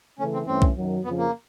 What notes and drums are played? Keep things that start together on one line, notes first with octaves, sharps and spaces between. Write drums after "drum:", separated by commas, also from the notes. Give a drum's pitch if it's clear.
C#3 E3 A3 C#4
C4
G2 E3 A3 C4 C#4
drum: kick B1
F#2 D#3 F#3
F2 C#3 F3 B3
A#3